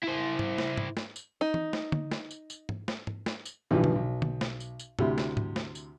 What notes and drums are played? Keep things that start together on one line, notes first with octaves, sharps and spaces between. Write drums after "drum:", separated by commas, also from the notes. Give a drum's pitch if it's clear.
E4 C5
drum: tom G#2
drum: snare
drum: tom G#2
drum: snare
drum: tambourine
D#4
drum: tom E3
drum: snare
drum: tom D3
drum: snare
drum: tambourine
drum: tambourine
drum: tom G#2
drum: snare
drum: tom G#2
drum: snare
drum: tambourine
B1 G2 B2 E3 F3 G4
drum: tom D3
B1
drum: tom D3
drum: snare
drum: tambourine
drum: tambourine
D2 C3 E4, drum: tom G#2
drum: snare
drum: tom G#2
drum: snare
drum: tambourine